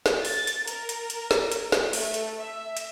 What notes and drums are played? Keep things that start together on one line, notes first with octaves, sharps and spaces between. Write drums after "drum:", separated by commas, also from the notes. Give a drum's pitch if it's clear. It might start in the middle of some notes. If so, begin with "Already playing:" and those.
drum: snare
A6, drum: open hi-hat
drum: hi-hat
A#4, drum: hi-hat
drum: hi-hat
drum: hi-hat
drum: snare
drum: hi-hat
drum: snare
A3, drum: open hi-hat
drum: hi-hat
E5
drum: hi-hat